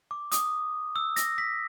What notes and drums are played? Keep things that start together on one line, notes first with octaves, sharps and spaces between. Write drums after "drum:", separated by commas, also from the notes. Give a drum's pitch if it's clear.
D6
D#6, drum: hi-hat
E6
A#6, drum: hi-hat
B6